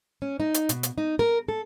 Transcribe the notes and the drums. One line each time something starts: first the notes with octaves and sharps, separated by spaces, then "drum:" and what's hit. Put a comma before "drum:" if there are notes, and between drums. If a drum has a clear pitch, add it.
C#4
D#4
drum: hi-hat
B2, drum: hi-hat
drum: hi-hat
D#4
A#4
A4